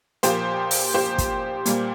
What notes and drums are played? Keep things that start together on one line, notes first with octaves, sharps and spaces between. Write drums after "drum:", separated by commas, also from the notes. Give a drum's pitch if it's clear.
A#2 F3 A#3 G4 C5, drum: hi-hat
drum: open hi-hat
G4 C5
drum: kick, hi-hat
A#2 G3 A#3, drum: hi-hat